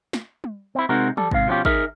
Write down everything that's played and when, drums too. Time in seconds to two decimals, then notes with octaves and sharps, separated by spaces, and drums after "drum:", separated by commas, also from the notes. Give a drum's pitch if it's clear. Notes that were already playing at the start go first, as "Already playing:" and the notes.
0.13 drum: snare
0.44 drum: tom G3
0.75 C4 E4
0.89 C3 G#3 C4 D#4 F#4 A#4
1.17 G3 A4, drum: tom E3
1.31 G#2 C3 F5, drum: kick
1.48 B2 F3 B3 C#4 F4 G4
1.65 D#4 G#4 A#4 E5, drum: kick